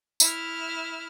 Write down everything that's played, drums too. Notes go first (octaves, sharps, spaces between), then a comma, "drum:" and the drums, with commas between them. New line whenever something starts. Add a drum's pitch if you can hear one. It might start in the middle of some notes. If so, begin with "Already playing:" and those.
E4 F6, drum: tambourine